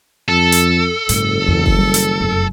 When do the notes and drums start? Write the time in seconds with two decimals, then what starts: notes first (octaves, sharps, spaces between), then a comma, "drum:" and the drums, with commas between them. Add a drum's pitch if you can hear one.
0.29 F2 A4
0.52 drum: hi-hat
1.09 F#1 G#2, drum: hi-hat
1.47 E2 D3
1.66 drum: kick F#1
1.76 D#3 G3
1.94 drum: hi-hat
2.20 F1 F#2